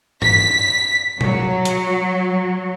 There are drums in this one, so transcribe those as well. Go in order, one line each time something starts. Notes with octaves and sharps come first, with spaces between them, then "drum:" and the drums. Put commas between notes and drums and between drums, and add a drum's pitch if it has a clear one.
B6, drum: tom
F#3, drum: tom B2
drum: hi-hat